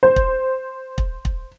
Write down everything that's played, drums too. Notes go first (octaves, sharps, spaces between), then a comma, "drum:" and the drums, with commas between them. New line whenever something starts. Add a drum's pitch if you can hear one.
C5
drum: kick
drum: kick
drum: kick